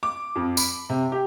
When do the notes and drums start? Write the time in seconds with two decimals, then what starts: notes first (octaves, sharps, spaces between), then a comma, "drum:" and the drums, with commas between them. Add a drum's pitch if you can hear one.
0.03 D6
0.36 F2
0.57 B5, drum: tambourine
0.89 C3
1.12 G4